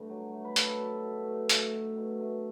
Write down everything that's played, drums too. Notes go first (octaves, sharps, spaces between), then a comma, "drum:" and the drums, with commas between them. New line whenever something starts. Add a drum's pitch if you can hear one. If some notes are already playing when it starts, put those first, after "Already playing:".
Already playing: G2 D3 A3
F#3
A3
B4
A3 A4, drum: hi-hat
B2
B2
A3
A3, drum: hi-hat
B2
B2
A3